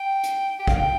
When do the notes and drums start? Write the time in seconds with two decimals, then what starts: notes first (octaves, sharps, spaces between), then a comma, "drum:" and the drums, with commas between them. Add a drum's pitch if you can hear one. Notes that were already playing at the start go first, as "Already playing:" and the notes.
Already playing: G5
0.23 drum: hi-hat
0.59 G5
0.67 F5, drum: kick
0.76 G5